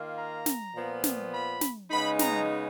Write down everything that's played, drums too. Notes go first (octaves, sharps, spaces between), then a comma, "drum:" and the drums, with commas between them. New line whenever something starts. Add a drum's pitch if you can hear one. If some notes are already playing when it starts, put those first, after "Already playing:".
Already playing: D#3 A#3 F4
A#5
drum: snare
A#2 F3 B3
drum: snare
B5
drum: snare
C#3 G#3 B3 D#4 B5
A#5, drum: snare